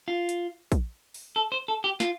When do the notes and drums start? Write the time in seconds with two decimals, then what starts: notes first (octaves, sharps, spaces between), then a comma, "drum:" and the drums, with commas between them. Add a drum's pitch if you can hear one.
0.08 F4
0.29 drum: hi-hat
0.72 drum: kick, hi-hat
1.14 drum: open hi-hat
1.36 A4
1.52 C5
1.68 A4
1.84 G4
2.00 F4, drum: snare